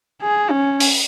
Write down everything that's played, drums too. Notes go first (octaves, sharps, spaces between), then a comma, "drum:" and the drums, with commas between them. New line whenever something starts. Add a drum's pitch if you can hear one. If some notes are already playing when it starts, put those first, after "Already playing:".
G#4
C#4
drum: open hi-hat